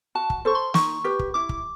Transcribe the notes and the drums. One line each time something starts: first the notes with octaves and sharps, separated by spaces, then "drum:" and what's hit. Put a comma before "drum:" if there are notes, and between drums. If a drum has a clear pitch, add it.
F#4 A5
drum: kick
A4 C5 C#6
C6
D#4 C#6, drum: snare
G4 B4
drum: kick
E4 D6
drum: kick